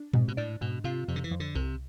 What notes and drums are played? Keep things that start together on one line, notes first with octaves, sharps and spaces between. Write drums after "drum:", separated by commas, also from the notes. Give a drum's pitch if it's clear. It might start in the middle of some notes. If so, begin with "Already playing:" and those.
Already playing: D4
G#2 C3, drum: tom A#2
B2
A2 D4
G#2 B2
C3 F4
F2 C3
D3
E3
F2
D3
C2 C3